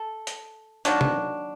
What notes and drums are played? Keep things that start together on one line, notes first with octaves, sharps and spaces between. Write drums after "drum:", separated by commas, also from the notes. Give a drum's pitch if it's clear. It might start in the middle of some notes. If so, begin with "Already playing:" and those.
Already playing: A4
drum: hi-hat
D#3 F#3 A#3 D4, drum: hi-hat
drum: tom C3